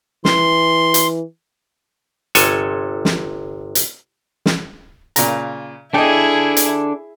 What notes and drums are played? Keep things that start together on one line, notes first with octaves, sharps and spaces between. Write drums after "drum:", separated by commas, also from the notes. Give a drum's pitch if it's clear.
E3 C6, drum: snare
drum: hi-hat
G1 C3 A4 C#5 G#5, drum: hi-hat
drum: snare
drum: hi-hat
drum: snare
A#2 C#3 A#5, drum: hi-hat
D4 E4 G#4 A4 D#5 G5
drum: hi-hat